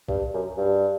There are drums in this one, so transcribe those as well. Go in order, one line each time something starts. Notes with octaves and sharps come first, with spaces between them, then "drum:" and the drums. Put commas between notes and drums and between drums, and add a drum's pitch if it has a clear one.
G2, drum: kick B1
F#2
G2